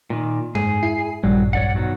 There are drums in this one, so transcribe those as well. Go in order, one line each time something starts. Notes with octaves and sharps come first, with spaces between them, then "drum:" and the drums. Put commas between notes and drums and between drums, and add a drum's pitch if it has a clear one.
A#2 D#3
G#2 G#4, drum: tom F#2
E4 C7
A#1 G2 F#3 G3
C#5 D5 F#5, drum: kick F2
B2 D#3 F#3